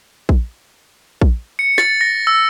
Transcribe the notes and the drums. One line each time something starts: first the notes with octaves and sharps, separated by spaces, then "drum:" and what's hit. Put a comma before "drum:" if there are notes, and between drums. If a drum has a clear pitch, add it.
drum: kick A#1
drum: kick A#1
C#7
A6, drum: snare
A#6
E6